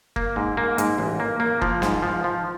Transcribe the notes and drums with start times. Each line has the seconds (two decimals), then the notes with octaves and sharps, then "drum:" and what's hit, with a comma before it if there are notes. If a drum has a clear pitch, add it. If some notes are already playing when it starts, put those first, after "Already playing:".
0.16 A#3, drum: kick
0.36 G#2
0.57 A#3
0.78 G#2, drum: hi-hat
0.98 A1
1.20 A#3
1.40 A#3
1.62 F3, drum: kick
1.82 G#2, drum: snare
2.03 F3
2.24 F3